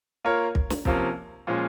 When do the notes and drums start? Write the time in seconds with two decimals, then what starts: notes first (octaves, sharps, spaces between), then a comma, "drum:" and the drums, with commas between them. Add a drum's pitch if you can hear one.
0.24 A#3 F4 A#4 C#5
0.55 drum: kick
0.70 drum: snare
0.85 C3 F3 A#3 C#4, drum: kick
1.47 A#2 F3 G#3 C#4